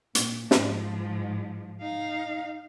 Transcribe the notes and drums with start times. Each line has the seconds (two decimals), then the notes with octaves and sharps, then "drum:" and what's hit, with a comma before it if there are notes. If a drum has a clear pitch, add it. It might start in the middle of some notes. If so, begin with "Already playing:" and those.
0.15 A#2, drum: hi-hat
0.51 G#2 F3, drum: snare
1.81 D#4 F5